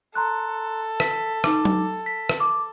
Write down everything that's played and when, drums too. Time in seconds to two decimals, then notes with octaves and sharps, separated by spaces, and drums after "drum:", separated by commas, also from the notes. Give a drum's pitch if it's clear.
0.15 A4 A#5 C6 F#6
1.00 B6, drum: rim click
1.44 D#4 D6, drum: rim click
1.65 drum: tom F#3
2.06 B6
2.29 drum: rim click
2.40 D6